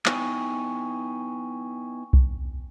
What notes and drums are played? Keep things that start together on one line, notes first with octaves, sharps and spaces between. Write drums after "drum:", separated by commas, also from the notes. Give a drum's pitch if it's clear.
B3 D#4 E4 G5 G#5 C#6, drum: clap
drum: kick B1